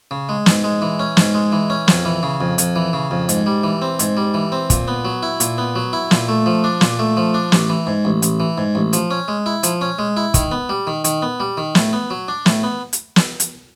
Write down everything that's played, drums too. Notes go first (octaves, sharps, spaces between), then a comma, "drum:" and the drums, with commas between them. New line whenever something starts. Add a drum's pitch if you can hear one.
C#3
G#3
G#2, drum: snare
G#3
E3
C#4
G#2, drum: snare
G#3
E3
C#4
F2, drum: snare
E3
C#3
F2
F2, drum: hi-hat
E3
C#3
F2
G#2, drum: hi-hat
G3
E3
C4
G#2, drum: hi-hat
G3
E3
C4
A#2, drum: kick, hi-hat
B3
F#3
E4
A#2, drum: hi-hat
B3
F#3
E4
A#2, drum: snare
A3
F3
D4
A#2, drum: snare
A3
F3
D4
A1, drum: snare
E3
G#2
A1
A1, drum: hi-hat
E3
G#2
A1
F3, drum: hi-hat
C#4
G#3
E4
F3, drum: hi-hat
C#4
G#3
E4
D#3, drum: kick, hi-hat
B3
G3
D#3
D#3, drum: hi-hat
B3
G3
D#3
A2, drum: snare
B3
F#3
D4
A2, drum: snare
B3
drum: hi-hat
drum: snare
drum: hi-hat